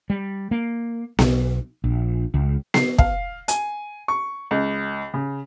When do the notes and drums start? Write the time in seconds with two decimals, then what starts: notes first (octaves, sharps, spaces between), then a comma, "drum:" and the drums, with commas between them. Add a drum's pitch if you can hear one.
0.10 G3
0.51 A#3
1.19 B1, drum: snare B3
1.84 A#1
2.34 C#2
2.74 C7, drum: snare B3
2.98 F5, drum: kick
3.48 G#5, drum: hi-hat
4.08 C#6
4.51 C#2
5.14 C#3